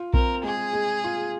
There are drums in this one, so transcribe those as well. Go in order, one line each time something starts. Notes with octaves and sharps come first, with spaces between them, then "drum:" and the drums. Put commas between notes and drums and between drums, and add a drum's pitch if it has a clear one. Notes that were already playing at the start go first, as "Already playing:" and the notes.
Already playing: F4
C4 A#4, drum: kick A#1
G#3 G#4
G#3
F4